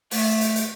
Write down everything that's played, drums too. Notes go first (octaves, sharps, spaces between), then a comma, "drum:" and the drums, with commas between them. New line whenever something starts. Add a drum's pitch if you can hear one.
A3, drum: open hi-hat
drum: hi-hat
drum: hi-hat